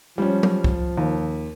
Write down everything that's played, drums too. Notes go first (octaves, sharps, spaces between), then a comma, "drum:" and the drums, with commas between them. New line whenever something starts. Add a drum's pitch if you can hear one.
F3 G3 C#4
drum: tom F#3
drum: kick
D#2